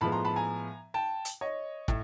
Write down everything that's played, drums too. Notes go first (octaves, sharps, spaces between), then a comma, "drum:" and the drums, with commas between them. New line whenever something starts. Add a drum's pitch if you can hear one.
A2 F3 G#3 B3 A5 B5
A#5 C6
A5 B5
G#5 A#5
G5 A5
drum: hi-hat
C#5 D#5
A2, drum: kick